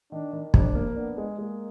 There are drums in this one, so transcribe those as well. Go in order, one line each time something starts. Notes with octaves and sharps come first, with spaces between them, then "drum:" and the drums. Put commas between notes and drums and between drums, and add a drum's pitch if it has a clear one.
D#3 D4
D#3
F1 D4, drum: kick
A#3
B3 D4
G#3
G#3 A#3